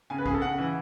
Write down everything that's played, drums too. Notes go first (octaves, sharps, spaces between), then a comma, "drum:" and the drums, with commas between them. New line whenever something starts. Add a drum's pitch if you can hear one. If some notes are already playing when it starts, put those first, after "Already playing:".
C#3 G#5
B4
C#3 G#4, drum: kick A#1
A4
C#3 F#5
E3